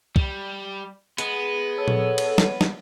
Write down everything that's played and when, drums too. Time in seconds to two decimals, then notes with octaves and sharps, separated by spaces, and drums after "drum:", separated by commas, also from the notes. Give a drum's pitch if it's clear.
0.16 G3, drum: kick
1.18 G#3 B3, drum: hi-hat
1.78 A4 C#5
1.88 drum: tom A#2
2.18 drum: cymbal
2.38 drum: snare
2.61 drum: snare